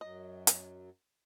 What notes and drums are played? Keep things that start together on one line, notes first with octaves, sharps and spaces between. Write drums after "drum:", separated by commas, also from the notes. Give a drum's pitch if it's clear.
F#2 F#3 D#5
drum: hi-hat